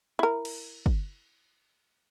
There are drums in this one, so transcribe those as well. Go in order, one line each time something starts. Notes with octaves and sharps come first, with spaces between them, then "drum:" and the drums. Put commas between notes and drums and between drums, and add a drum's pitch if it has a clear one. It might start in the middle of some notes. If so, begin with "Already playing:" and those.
E4 A#4
drum: cymbal
drum: kick